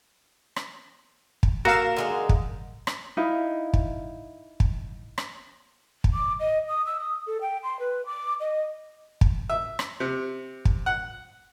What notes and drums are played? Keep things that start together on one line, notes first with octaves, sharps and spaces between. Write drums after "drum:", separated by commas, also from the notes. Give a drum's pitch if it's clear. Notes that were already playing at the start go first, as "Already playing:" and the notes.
drum: rim click
drum: kick
A#3 F#4 A4 A#4 F5 E7
D3 G#3 D#4
drum: kick
drum: rim click
D#4 E4 F5
drum: kick
drum: kick
drum: rim click
drum: kick
D6
D#5
D#6
E6
D#6
A4
G5
C6
B4
D6
D#5
drum: kick
E5
drum: rim click
C3
drum: kick
F#5